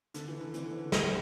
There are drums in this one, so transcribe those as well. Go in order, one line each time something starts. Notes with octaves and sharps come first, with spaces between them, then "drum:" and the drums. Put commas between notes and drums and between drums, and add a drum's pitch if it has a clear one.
D3, drum: hi-hat
E3
D3
E3, drum: hi-hat
D3
D3
G3, drum: snare